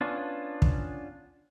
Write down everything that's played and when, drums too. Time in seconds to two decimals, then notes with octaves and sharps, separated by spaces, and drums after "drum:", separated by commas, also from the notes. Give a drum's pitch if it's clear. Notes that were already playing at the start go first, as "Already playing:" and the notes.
0.01 B3 C#4 D4 F4
0.62 drum: kick